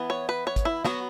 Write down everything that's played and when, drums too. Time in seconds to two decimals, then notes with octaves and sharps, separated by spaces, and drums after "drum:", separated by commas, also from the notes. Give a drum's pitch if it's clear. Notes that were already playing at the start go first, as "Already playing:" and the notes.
Already playing: E3 B3
0.10 C#5
0.29 B4
0.47 C#5
0.56 drum: kick, hi-hat
0.65 E4
0.84 F#3 B3 F#4, drum: snare